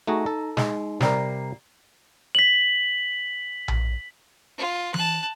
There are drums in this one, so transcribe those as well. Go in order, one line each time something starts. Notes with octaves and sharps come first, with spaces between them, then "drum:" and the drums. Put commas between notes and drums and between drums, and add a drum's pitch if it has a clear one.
A3 D#4 F#4 G#4 A#5
A4
G#3 D#4, drum: snare
C3 G3 A#4 D5 A#5 C7, drum: snare
B6 F#7
drum: tom A#1
F4
A5 F#6, drum: tom E3